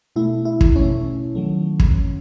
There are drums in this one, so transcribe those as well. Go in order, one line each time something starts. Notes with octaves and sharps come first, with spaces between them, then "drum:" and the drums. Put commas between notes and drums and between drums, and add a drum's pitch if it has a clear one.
B2 A3 E4
E4
drum: kick
B2 A3 C#4
D#3 F#3 A3
drum: kick